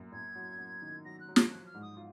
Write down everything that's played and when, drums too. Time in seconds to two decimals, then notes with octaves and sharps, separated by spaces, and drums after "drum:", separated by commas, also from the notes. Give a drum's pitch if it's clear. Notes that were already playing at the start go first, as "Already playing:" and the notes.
Already playing: F#2 A#3
0.12 F#2 G#6
0.35 F#3
0.58 F#3
0.82 D#3
1.05 F#3 A#6
1.20 F#6
1.29 F#3
1.36 D#6, drum: snare
1.51 F3 F#6
1.66 F6
1.74 G#2
1.82 D#6
1.97 F4